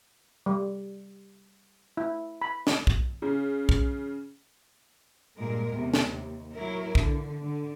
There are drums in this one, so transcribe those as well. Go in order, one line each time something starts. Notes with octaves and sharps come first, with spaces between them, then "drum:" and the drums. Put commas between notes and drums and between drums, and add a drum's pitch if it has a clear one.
G3
E4
B5
drum: snare
drum: kick
C#3
drum: kick
G2 A#2 G#3 A#4
E2 C3
drum: snare
D#2
F#3 E4 A#4
D3, drum: kick
D3